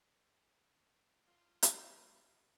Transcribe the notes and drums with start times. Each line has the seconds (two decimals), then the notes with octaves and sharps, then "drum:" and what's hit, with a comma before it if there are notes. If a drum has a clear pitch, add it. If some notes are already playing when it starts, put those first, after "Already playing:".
1.27 F4
1.63 drum: hi-hat
1.73 F4 F#5